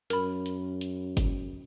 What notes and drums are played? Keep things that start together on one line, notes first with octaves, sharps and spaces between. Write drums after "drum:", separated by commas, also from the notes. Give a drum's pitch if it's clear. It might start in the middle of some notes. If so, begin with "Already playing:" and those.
F#2 A#4 B5, drum: hi-hat
drum: hi-hat
drum: hi-hat
drum: kick F#1, hi-hat